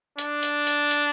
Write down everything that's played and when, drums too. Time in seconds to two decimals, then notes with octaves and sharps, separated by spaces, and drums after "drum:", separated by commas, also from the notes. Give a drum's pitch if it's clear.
0.19 D4, drum: hi-hat
0.43 drum: hi-hat
0.67 drum: hi-hat
0.91 drum: hi-hat